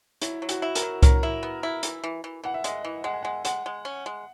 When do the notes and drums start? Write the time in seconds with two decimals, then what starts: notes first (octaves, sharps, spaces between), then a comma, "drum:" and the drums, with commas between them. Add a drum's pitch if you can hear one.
0.22 F#3 E4, drum: hi-hat
0.42 F#3
0.49 F#4, drum: hi-hat
0.62 E4
0.75 A#4, drum: hi-hat
0.82 F#3
1.03 F#3 A#4, drum: kick C2, hi-hat
1.23 E4
1.43 B3
1.63 E4
1.83 E3, drum: hi-hat
2.04 E3
2.24 E3
2.44 E3 F#5
2.54 E5
2.64 G#3 D#5, drum: hi-hat
2.85 E3
3.04 G#3 F#5
3.14 G#5
3.23 G#3 F#5
3.45 G#3 F#5, drum: hi-hat
3.66 G#3
3.85 C#4
4.06 G#3